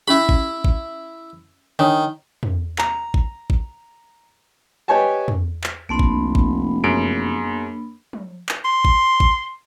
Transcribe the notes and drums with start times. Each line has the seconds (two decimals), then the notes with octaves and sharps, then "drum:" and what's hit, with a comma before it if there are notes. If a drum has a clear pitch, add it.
0.08 C#4 E4 G4 B5
0.29 drum: kick
0.65 drum: kick
1.79 D#3 D4 C#5 D#6
2.43 drum: tom
2.78 A#5, drum: clap
3.14 drum: kick
3.50 drum: kick
4.88 G4 B4 C#5 D#5 G#5 A5
5.28 drum: tom
5.64 drum: clap
5.89 F1 C2 A#3 D4 A5 B5 C6
5.99 drum: kick
6.35 drum: kick
6.84 F#2 B3 G#4 D7
8.13 drum: tom
8.49 drum: clap
8.64 C6
8.85 drum: kick
9.20 drum: kick